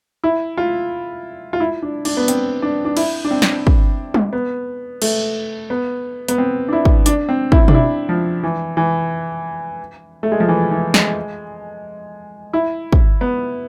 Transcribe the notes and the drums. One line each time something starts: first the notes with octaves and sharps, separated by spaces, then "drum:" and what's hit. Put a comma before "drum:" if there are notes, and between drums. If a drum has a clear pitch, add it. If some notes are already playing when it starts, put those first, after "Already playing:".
E4
F4
F4
E4
D4
D4, drum: cymbal
B3
C4, drum: hi-hat
D4
D4
E4, drum: cymbal
D4
C4
drum: snare
drum: kick
drum: tom G3
B3
A3, drum: cymbal
B3
B3, drum: hi-hat
C4
D4
E4
drum: kick
D4, drum: hi-hat
C4
E4, drum: kick
D4, drum: tom B2
E4
F3
E3
E3
A3
G#3
F3
E3
E3
G#3, drum: snare
E4
drum: kick
B3